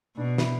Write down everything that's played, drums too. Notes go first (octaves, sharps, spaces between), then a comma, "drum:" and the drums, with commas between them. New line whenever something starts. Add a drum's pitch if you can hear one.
B2 D4
E4, drum: snare